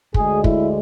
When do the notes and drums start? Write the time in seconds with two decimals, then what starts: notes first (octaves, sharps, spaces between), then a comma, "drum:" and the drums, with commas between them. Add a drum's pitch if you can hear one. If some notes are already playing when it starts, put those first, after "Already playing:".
0.14 D2 D3 G#3 G#4, drum: kick
0.44 E4, drum: kick